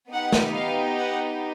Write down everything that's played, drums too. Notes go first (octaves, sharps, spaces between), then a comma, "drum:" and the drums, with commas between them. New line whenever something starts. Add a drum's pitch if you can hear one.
B3 D#4 G4 F#5
drum: snare
F5
F#5